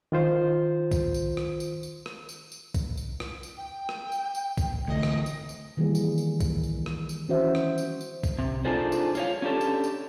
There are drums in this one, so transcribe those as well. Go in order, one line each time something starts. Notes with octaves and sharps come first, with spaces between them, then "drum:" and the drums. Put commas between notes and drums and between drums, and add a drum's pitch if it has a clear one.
D#3 F4 C5
drum: kick B1, tambourine
drum: tambourine
drum: rim click
drum: tambourine
drum: tambourine
drum: rim click
drum: tambourine
drum: tambourine
drum: kick B1, tambourine
drum: tambourine
drum: rim click
drum: tambourine
G5
drum: rim click
drum: tambourine
drum: tambourine
drum: kick B1, tambourine
D3 E3 A3 D#5
drum: rim click
drum: tambourine
drum: tambourine
D#3 E3 G3 A#3 G#4
drum: tambourine
drum: tambourine
drum: kick B1, tambourine
drum: tambourine
drum: rim click
drum: tambourine
E3 C#4 F#4 C5 E5
drum: rim click
drum: tambourine
drum: tambourine
drum: kick B1, tambourine
C3
D4 D#4 F4 G#4 A4 C5
drum: tambourine
F4 C#5 F5, drum: tambourine
C#4 D4 G4 A4
drum: tambourine
drum: tambourine